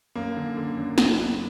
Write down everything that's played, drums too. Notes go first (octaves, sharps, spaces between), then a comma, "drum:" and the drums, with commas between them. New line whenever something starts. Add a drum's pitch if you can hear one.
F#2 A#3
D3
D3
F#2
F#1, drum: snare
F#1